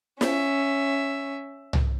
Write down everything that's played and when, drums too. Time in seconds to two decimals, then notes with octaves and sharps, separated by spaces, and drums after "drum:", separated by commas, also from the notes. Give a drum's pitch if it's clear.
0.21 C#4 E5, drum: snare
1.73 drum: tom C2